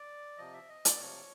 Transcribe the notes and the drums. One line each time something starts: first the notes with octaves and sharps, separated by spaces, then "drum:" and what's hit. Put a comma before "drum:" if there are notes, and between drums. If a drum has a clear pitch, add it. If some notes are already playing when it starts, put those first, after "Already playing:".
Already playing: D5
C3 F3 D#5
E5
D#5
D5, drum: hi-hat
C3 F3 C#5